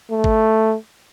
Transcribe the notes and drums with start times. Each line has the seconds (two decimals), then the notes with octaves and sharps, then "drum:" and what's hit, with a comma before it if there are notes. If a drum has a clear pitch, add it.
0.11 A3
0.24 drum: kick